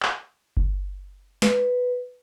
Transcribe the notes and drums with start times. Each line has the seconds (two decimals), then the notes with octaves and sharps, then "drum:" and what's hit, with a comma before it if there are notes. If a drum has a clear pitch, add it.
0.03 drum: clap
0.57 drum: kick G1
1.42 B4, drum: snare